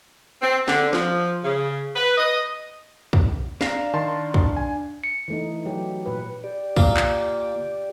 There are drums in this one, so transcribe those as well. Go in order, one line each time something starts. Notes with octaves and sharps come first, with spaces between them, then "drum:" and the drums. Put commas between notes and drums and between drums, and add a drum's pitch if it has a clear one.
C4
D3, drum: snare
F3, drum: snare
C#3
B4
D#5
drum: kick
D4 F5 A#5, drum: snare
D#3 A5 C6
drum: kick
G#5
C#7
E3 A3 D#4
F#3 G4
A#2 B4
G4 D5
A#2 A#3 F4, drum: kick
drum: clap